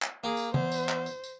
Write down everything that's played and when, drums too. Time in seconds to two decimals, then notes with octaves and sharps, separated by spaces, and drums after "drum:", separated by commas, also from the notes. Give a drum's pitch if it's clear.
0.02 drum: clap
0.24 A#3 G#4
0.37 drum: tambourine
0.54 E2 C5, drum: tom
0.72 drum: tambourine
0.89 drum: clap
1.06 drum: tambourine
1.24 drum: tambourine